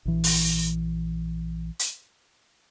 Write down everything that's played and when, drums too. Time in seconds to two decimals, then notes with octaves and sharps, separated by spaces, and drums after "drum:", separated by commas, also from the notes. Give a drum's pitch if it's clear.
0.05 A#1 E3
0.24 drum: open hi-hat
1.79 drum: hi-hat